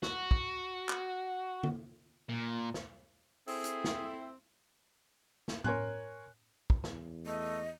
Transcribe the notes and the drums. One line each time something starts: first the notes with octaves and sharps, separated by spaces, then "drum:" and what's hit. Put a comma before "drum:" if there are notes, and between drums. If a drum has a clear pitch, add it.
F#4, drum: snare
drum: kick
drum: clap
drum: tom D3
A#2
drum: snare
C4 E4 G#4 A4, drum: open hi-hat
drum: hi-hat
drum: snare
drum: snare
A#4 C#5 G#5 C6 F#6, drum: tom A2
drum: kick
E2, drum: snare
A3 D#5